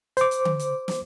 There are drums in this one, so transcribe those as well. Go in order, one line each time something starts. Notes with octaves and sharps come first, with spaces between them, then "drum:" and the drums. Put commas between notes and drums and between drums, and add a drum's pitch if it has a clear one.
C5 D6, drum: hi-hat
drum: hi-hat
drum: tom D3
drum: hi-hat
drum: snare